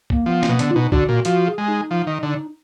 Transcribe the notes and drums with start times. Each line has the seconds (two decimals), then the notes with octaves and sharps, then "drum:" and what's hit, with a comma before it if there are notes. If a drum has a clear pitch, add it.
0.10 A#3, drum: kick B1
0.26 F3 B3
0.43 A#3, drum: snare
0.49 B2
0.59 D3 B3, drum: hi-hat
0.71 F4
0.76 B2 D#4
0.92 D3 F#4, drum: kick B1
1.08 A#2 F#4
1.25 F3 F#4, drum: hi-hat
1.47 G#4
1.58 G#3
1.68 D#4
1.91 F3
2.07 D#3
2.23 D3